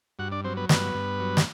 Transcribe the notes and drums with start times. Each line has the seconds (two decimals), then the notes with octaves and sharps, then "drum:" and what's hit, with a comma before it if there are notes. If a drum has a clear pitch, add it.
0.19 G2 F#4 F#5
0.32 D4 D5
0.44 F#3 C4 C5
0.57 B3 B4
0.69 G2 B3 B4, drum: snare
0.94 G2
1.20 F#3
1.37 drum: snare